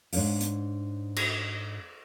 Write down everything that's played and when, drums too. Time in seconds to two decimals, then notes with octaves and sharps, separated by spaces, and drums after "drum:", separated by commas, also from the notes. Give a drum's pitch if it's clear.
0.13 G#2 D4 C5 C#5 F5, drum: open hi-hat
0.41 drum: hi-hat
1.16 drum: cymbal